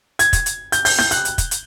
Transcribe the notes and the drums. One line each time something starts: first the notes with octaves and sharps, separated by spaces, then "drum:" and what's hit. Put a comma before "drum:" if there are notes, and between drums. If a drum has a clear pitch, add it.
G#6, drum: hi-hat
drum: kick, hi-hat
drum: hi-hat
G6, drum: hi-hat
G6, drum: open hi-hat
G6, drum: snare
F#6, drum: hi-hat
drum: hi-hat
drum: kick, hi-hat
drum: hi-hat